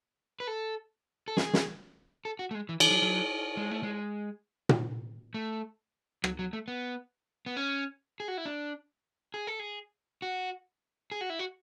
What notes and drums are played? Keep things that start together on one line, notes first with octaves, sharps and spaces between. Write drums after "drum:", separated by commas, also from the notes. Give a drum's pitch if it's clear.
B4
A4
A4
G#4, drum: snare
drum: snare
A4
F#4
A3
G#3
E3
E3, drum: cymbal
F#3
F#3
G#3
A3
G#3
drum: tom A#2
A3
F#3, drum: rim click
F#3
A3
B3
B3
C#4
G#4
F#4
E4
D4
G#4
A4
G#4
F#4
G#4
F#4
E4
F#4